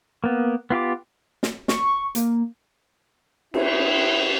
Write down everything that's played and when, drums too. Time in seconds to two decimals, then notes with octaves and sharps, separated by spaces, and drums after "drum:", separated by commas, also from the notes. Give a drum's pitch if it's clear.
0.24 A#3 B3
0.70 B3 F4 G4 D6
1.43 drum: snare
1.68 C#6, drum: snare
2.15 A#3, drum: hi-hat
3.54 E4, drum: cymbal